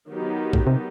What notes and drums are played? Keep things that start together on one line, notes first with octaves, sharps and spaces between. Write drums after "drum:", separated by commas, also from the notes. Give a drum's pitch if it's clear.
D#3 F#3 B3 D#4 G4
A2, drum: kick A#1
C3